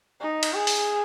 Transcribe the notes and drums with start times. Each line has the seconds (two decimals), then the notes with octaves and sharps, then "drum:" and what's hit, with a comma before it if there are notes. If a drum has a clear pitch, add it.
0.21 D#4
0.43 drum: cymbal
0.53 G#4
0.67 drum: open hi-hat